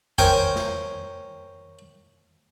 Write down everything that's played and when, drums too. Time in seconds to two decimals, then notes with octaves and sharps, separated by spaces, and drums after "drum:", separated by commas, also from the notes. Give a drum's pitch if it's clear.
0.18 A#4 C5 C#5 G5 G#5, drum: tom E2
0.56 drum: snare